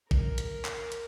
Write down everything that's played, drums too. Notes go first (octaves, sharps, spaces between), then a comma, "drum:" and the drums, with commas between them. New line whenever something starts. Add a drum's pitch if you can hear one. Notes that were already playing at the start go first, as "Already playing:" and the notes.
A#4, drum: kick
drum: hi-hat
drum: clap
drum: hi-hat